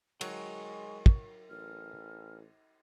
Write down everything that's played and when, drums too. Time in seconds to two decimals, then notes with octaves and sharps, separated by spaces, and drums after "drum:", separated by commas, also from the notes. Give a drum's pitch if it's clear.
0.21 F#3 G#3 A#4 G5 C#6, drum: cymbal
1.06 drum: kick
1.50 A1 F6